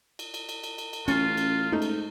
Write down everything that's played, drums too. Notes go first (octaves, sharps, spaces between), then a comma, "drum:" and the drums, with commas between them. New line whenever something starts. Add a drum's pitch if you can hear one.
drum: cymbal
drum: cymbal
drum: cymbal
drum: cymbal
drum: cymbal
drum: cymbal
A1 C#4 F4, drum: cymbal
drum: cymbal
G#2 A3 D#4
drum: cymbal